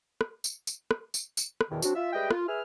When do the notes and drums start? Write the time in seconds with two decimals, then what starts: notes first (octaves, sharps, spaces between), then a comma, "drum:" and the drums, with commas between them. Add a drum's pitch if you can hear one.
0.21 drum: rim click
0.44 drum: tambourine
0.67 drum: tambourine
0.91 drum: rim click
1.14 drum: tambourine
1.37 drum: tambourine
1.61 drum: rim click
1.70 E2 G2 B2 D#3
1.82 F#3 C4 D4 F#4, drum: tambourine
1.95 F4 E5
2.13 G3 G#3 B4 D#5 E5 G5
2.31 F4, drum: rim click
2.48 G#4 B4 E5 F6